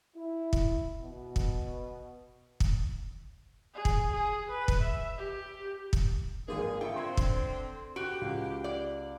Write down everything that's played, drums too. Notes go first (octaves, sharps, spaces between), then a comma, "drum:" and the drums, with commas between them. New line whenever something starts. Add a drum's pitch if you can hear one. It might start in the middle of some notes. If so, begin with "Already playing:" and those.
E4
drum: kick
B2
drum: kick
drum: kick
G#4
drum: kick
G#4
B4
drum: kick
E5
G4
drum: kick
G#1 D3 A#3 D#4 G#4
A3 F4 A4 E5 G5 C#7
D3 C4 C6 G#6
drum: kick
F#4 G4 D7 F#7
C#2
D5